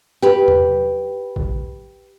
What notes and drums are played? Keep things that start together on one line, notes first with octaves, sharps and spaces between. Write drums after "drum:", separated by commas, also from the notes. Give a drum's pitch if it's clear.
G4 B4, drum: hi-hat
drum: tom
drum: kick